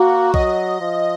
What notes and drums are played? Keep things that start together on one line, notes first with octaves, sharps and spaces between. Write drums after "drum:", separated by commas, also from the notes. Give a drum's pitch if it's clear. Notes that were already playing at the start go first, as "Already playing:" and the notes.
Already playing: A#3 F#4
F#3 D#5, drum: kick B1
F3